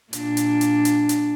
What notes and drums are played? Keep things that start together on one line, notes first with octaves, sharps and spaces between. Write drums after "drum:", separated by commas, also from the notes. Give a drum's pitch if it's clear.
A#2 D4, drum: hi-hat
drum: hi-hat
drum: hi-hat
drum: hi-hat
drum: hi-hat